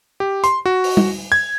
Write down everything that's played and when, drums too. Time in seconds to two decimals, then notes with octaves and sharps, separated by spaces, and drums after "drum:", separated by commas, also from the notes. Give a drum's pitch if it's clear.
0.20 G4
0.44 C6, drum: hi-hat
0.66 F#4
0.84 drum: open hi-hat
0.97 drum: tom G3
1.32 G#6